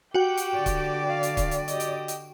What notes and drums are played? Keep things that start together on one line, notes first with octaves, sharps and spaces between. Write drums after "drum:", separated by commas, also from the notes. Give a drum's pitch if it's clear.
F#4 G4 G5
drum: hi-hat
D3 D5
drum: kick C#1, hi-hat
F5
drum: hi-hat
drum: kick C#1, hi-hat
drum: hi-hat
G4 D#5, drum: hi-hat
drum: hi-hat
drum: hi-hat